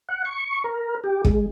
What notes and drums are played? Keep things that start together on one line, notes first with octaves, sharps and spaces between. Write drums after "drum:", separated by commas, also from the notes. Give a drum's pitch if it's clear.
F#5
C#6
A#4
G4
G#3, drum: kick